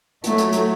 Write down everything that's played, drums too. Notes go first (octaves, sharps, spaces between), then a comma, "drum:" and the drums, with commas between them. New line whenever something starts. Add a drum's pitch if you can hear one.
F#3 A3, drum: hi-hat
drum: hi-hat
drum: hi-hat